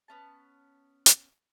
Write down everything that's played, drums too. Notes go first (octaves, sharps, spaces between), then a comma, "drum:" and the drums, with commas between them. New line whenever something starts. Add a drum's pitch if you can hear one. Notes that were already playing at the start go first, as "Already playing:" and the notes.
B3 C#4 A5
drum: hi-hat